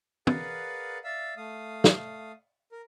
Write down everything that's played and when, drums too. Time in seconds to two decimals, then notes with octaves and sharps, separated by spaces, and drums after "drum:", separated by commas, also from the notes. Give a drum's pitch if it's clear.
0.27 G#4 A#4 B4 D5 F5 F#5, drum: tom
1.04 D5 E5 F5 E6
1.37 A3 F5 D#6
1.84 drum: snare
2.72 A#4